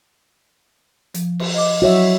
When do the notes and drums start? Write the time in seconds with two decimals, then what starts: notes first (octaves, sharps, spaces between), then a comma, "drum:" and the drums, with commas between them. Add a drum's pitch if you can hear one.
1.14 F3, drum: hi-hat
1.39 drum: cymbal
1.54 D#5 D6
1.82 F#3 F#4 C#5 E5